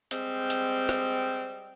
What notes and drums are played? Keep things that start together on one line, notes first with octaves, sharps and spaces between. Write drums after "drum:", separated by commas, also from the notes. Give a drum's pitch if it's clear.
G3 G#3 C4, drum: hi-hat
drum: hi-hat
drum: rim click